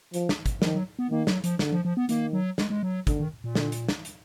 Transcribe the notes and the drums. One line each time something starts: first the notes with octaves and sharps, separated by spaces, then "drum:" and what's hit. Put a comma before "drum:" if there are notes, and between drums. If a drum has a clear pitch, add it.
F3, drum: hi-hat
drum: snare
drum: kick, hi-hat
D#3 F3, drum: snare
F#3
B3
D#3 A#3
F#3, drum: snare
F3, drum: hi-hat
D3, drum: snare
F3
F3
B3
D#3 A#3, drum: hi-hat
F#3
G#3, drum: snare
G#3
F#3
D3, drum: kick, hi-hat
D#3
A#2
D3, drum: snare
drum: hi-hat
drum: snare
drum: hi-hat